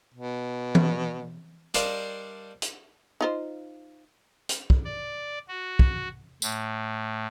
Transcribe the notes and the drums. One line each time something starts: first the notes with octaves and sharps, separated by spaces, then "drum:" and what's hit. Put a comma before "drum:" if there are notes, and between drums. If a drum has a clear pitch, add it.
B2
drum: tom E3
G3 D4 A#4 C5 D#5 F5, drum: hi-hat
drum: hi-hat
D#4 F4 C5
drum: hi-hat
drum: kick
D5
F#4
drum: kick
A2, drum: tambourine